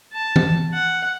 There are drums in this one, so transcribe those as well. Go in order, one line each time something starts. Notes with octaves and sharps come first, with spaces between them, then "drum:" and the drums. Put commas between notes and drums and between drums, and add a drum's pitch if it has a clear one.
A5
drum: tom E3
F#5